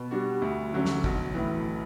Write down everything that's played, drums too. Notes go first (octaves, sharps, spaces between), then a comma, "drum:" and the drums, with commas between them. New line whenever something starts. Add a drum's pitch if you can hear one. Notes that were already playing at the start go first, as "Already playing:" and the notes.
Already playing: B2
G3 D4 F#4
D2
D3 F#3 C#4
drum: snare
B1, drum: kick
A2 E3